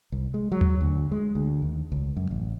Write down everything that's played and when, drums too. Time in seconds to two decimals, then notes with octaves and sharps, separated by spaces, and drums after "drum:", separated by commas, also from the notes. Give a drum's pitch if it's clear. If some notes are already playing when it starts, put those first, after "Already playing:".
0.12 C2
0.34 G#3
0.52 F#3
0.61 drum: tom D#2
0.81 D2
1.12 G#3
1.35 D2
1.62 D#2
1.92 C#2
2.17 F#2
2.31 A1